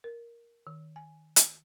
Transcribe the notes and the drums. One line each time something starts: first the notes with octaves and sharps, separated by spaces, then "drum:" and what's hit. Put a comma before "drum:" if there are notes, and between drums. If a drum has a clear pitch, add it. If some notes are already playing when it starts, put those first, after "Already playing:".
A#4
D#3
G#5
drum: hi-hat